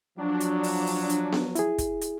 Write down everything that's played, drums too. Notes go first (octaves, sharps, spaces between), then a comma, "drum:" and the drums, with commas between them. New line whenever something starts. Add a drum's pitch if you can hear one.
F3 F#3 D4
drum: hi-hat
drum: open hi-hat
drum: open hi-hat
drum: hi-hat
drum: snare B3
E4 G#4, drum: hi-hat
drum: kick, hi-hat
drum: hi-hat